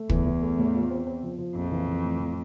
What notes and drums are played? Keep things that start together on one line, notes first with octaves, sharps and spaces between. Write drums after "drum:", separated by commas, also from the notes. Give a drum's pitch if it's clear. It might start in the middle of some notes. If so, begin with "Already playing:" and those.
Already playing: A3
E2 E3, drum: kick
E3
A3
A2
F4
C4
C4
F3
F3
A#1 F2
E3
E3
A2
E3